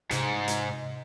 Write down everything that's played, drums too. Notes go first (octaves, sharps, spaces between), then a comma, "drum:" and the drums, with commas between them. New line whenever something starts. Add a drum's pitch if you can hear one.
G#2 C3, drum: hi-hat
drum: hi-hat